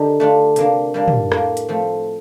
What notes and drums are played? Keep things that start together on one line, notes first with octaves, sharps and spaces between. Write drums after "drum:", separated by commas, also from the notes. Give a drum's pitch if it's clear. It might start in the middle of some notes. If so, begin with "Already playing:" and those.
Already playing: D3 D#4 G4 A4 A#4
A3 D4 F4
C3 A#3 D4, drum: hi-hat
G3 A#3 D4
drum: tom
A2 A#3, drum: rim click
drum: hi-hat
F3 A3 C4